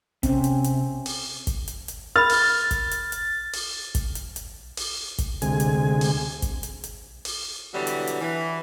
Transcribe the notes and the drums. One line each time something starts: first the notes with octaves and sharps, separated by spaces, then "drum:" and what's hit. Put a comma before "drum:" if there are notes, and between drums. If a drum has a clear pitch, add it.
C3 C4 C#4, drum: kick, hi-hat
drum: hi-hat
drum: hi-hat
drum: open hi-hat
drum: kick, hi-hat
drum: hi-hat
drum: hi-hat
A#4 B5 F6 A6
drum: open hi-hat
drum: kick, hi-hat
drum: hi-hat
drum: hi-hat
drum: open hi-hat
drum: kick, hi-hat
drum: hi-hat
drum: hi-hat
drum: open hi-hat
drum: kick, hi-hat
D2 C3 G#3 G#5, drum: hi-hat
drum: hi-hat
drum: open hi-hat
drum: kick, hi-hat
drum: hi-hat
drum: hi-hat
drum: open hi-hat
B2 D3 E3 F#3 G3
drum: hi-hat
drum: hi-hat
E3